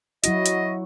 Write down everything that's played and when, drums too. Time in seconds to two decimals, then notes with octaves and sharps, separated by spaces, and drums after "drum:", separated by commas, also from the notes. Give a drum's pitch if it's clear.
0.24 F#3 E4 F#4 D#5, drum: hi-hat
0.46 drum: hi-hat